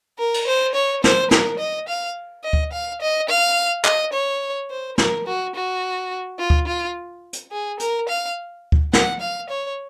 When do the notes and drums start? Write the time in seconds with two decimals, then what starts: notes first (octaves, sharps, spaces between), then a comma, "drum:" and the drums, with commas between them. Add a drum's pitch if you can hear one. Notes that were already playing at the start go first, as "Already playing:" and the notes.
0.19 A#4
0.34 drum: cymbal
0.47 C5
0.75 C#5
1.04 C5, drum: snare
1.31 A#4, drum: snare
1.59 D#5
1.88 F5
2.44 D#5
2.53 drum: kick D2
2.73 F5
3.01 D#5
3.29 F5
3.85 D#5, drum: clap
4.13 C#5
4.70 C5
4.98 A#4, drum: snare
5.27 F#4
5.55 F#4
6.39 F4
6.50 drum: kick D2
6.67 F4
7.33 drum: hi-hat
7.52 G#4
7.80 A#4, drum: hi-hat
8.09 F5
8.72 drum: kick D2
8.93 F#5, drum: snare
9.21 F5
9.50 C#5